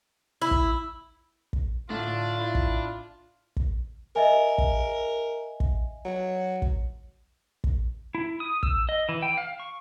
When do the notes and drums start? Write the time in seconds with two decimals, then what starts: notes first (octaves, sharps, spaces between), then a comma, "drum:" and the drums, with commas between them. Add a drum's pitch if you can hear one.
0.42 E4
0.51 drum: kick
1.53 drum: kick
1.90 A2 D3 D4 F4
2.38 E4
2.55 drum: kick
3.56 drum: kick
4.16 A#4 D#5 E5 G#5
4.58 drum: kick
5.60 drum: kick
6.05 F#3
6.62 drum: kick
7.64 drum: kick
8.15 E4
8.40 D#6
8.63 E6, drum: kick
8.89 D#5
9.09 E3
9.22 G5
9.38 F5
9.60 C#6